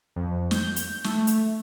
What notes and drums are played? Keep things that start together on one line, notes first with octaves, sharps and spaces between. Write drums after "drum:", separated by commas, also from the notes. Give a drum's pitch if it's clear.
F2
G6, drum: snare
drum: hi-hat
A3, drum: snare
drum: hi-hat